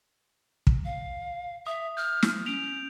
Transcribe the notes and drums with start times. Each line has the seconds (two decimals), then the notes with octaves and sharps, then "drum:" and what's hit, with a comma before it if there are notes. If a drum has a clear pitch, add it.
0.67 drum: kick
0.85 F5
1.67 E5 D#6
1.97 F6 G6
2.22 drum: snare
2.46 C#4 D7 F7